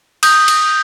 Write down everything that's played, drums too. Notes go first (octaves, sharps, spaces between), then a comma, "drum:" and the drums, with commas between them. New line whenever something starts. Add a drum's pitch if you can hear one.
D#6 G6, drum: cymbal
drum: cymbal